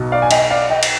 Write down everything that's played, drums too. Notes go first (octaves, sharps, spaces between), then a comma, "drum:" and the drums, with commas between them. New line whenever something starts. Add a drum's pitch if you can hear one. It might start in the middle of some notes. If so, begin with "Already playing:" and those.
Already playing: B1 B2 B3 D#4
D5 F5
G#5
D#5 G5, drum: cymbal
D5 F5
D#5 G5
drum: cymbal